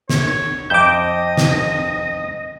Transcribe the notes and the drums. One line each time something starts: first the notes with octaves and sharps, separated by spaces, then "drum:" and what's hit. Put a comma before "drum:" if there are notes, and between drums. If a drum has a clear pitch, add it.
C#5, drum: snare
F2 D#5 E5 D6 G6
drum: snare